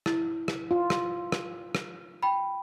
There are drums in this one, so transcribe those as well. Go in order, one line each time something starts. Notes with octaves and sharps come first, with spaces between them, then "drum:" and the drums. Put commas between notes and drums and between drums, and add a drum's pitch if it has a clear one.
E4, drum: rim click
drum: rim click
F4
drum: rim click
drum: rim click
drum: rim click
G5 B5